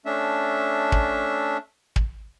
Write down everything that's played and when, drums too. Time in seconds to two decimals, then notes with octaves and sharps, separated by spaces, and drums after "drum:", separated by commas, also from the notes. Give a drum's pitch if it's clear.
0.06 A3 C#4 D4 E5
0.92 drum: kick
1.96 drum: kick